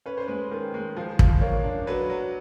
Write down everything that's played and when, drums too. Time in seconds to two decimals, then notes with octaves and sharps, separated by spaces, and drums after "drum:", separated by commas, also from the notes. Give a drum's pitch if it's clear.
0.06 C#4 B4
0.17 C5
0.28 G#3 B4
0.51 D#3
0.74 G#3
0.97 F3 C5
1.19 F3, drum: kick
1.41 A#3 C#5
1.64 D4
1.87 F#3 B4
2.10 F#3